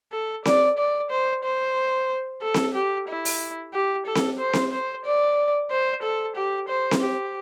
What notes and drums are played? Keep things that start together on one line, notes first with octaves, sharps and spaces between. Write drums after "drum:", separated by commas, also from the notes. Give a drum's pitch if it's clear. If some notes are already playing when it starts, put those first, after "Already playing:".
A4
D5, drum: snare C4
D5
C5
C5
A4
drum: snare C4
G4
E4
drum: open hi-hat
G4
A4
drum: snare C4
C5
drum: snare C4
C5
D5
C5
A4
G4
C5
drum: snare C4
G4